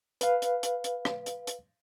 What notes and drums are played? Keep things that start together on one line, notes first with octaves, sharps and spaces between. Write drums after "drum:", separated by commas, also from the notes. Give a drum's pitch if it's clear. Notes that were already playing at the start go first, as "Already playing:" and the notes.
B4 F5, drum: hi-hat
drum: hi-hat
drum: hi-hat
drum: hi-hat
drum: rim click
drum: hi-hat
drum: hi-hat